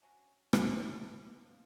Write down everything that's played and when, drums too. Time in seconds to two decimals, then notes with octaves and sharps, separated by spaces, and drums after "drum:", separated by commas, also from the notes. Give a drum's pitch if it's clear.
0.02 F#3 C#4 D4
0.53 drum: rim click
1.28 B2 F3